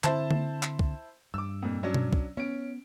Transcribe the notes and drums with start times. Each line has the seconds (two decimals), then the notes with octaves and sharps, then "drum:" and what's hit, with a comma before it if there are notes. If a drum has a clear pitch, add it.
0.04 D3 C4 E4 C5 A5, drum: clap
0.31 drum: tom D3
0.63 drum: clap
0.79 drum: kick
1.34 G2 D6 E6
1.62 F2 A#2
1.83 F#3 C#4 D4
1.94 drum: tom B2
2.13 drum: kick
2.37 B3 C#4 D7